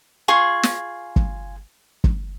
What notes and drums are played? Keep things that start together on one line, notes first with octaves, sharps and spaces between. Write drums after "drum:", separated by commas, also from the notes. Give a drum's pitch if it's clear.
F4 G#4 C#6
drum: snare
drum: kick
drum: kick